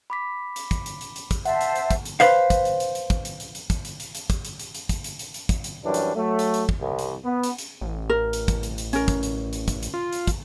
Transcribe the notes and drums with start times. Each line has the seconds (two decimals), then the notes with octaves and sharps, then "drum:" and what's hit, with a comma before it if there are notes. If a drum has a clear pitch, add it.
0.10 B5 D6 B6
0.56 drum: hi-hat
0.71 drum: kick, hi-hat
0.86 drum: hi-hat
1.01 drum: hi-hat
1.16 drum: hi-hat
1.31 drum: kick, hi-hat
1.45 C5 E5 F#5 A5, drum: hi-hat
1.61 drum: hi-hat
1.76 drum: hi-hat
1.91 drum: kick, hi-hat
2.05 drum: hi-hat
2.20 B4 C5 F5, drum: hi-hat
2.50 drum: kick, hi-hat
2.65 drum: hi-hat
2.80 drum: hi-hat
2.95 drum: hi-hat
3.10 drum: kick, hi-hat
3.25 drum: hi-hat
3.40 drum: hi-hat
3.55 drum: hi-hat
3.70 drum: kick, hi-hat
3.85 drum: hi-hat
4.00 drum: hi-hat
4.15 drum: hi-hat
4.30 drum: kick, hi-hat
4.45 drum: hi-hat
4.60 drum: hi-hat
4.74 drum: hi-hat
4.89 drum: kick, hi-hat
5.04 drum: hi-hat
5.19 drum: hi-hat
5.34 drum: hi-hat
5.49 drum: kick, hi-hat
5.64 drum: hi-hat
5.84 F#2 E3 G3 C#4 D4
5.94 drum: hi-hat
6.16 F#3 A3
6.39 drum: hi-hat
6.54 drum: hi-hat
6.69 drum: kick
6.79 C2
6.99 drum: hi-hat
7.24 B3
7.44 drum: hi-hat
7.58 drum: hi-hat
7.81 A1
8.09 A#4
8.33 drum: hi-hat
8.48 drum: kick, hi-hat
8.63 drum: hi-hat
8.78 drum: hi-hat
8.93 C#4 A#4, drum: hi-hat
9.08 drum: kick, hi-hat
9.23 drum: hi-hat
9.53 drum: hi-hat
9.68 drum: kick, hi-hat
9.83 drum: hi-hat
9.94 F4
10.13 drum: hi-hat
10.27 drum: kick, hi-hat